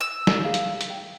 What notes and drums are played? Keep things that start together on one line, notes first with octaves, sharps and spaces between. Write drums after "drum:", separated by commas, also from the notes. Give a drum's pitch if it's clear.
E6
drum: snare
G#4 F5
drum: hi-hat
drum: hi-hat
G5